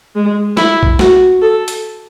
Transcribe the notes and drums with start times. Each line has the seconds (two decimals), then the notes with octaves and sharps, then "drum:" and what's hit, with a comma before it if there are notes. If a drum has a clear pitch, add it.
0.16 G#3
0.57 E4, drum: snare
0.83 drum: kick
0.99 F#4, drum: snare
1.42 A4
1.68 drum: hi-hat